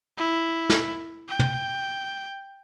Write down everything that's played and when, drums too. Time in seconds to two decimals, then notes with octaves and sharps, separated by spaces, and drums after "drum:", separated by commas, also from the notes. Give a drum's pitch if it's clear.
0.18 E4
0.70 drum: snare
1.29 G5
1.39 drum: tom